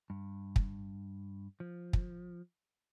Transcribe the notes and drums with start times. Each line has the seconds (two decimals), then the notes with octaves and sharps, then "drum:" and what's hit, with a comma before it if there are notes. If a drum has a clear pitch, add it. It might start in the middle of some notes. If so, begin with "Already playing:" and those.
0.10 G2
0.56 drum: kick
1.60 F3
1.93 drum: kick